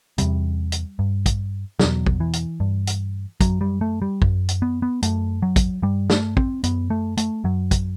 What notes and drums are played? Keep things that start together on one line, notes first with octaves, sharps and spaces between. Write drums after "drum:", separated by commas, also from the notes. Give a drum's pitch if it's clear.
E2 C3 G3, drum: hi-hat
drum: hi-hat
G2
drum: kick, hi-hat
E2 B2 F#3, drum: snare
drum: kick
E3
drum: hi-hat
G2
drum: hi-hat
F#2 F#3, drum: kick, hi-hat
G3
A3
G3
F#2, drum: kick
drum: hi-hat
B3
B3
F#2 A3, drum: hi-hat
F#3
drum: kick, hi-hat
G2 G3
A3, drum: snare
C4, drum: kick
F#2 B3, drum: hi-hat
A3
A3, drum: hi-hat
F#2 F#3
drum: kick, hi-hat